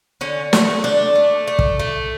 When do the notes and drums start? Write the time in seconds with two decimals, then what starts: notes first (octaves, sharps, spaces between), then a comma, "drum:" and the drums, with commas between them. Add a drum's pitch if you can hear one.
0.21 D3 C#4
0.53 A3, drum: snare
0.84 A3 D4
1.16 A3
1.48 A3
1.59 drum: kick
1.80 A3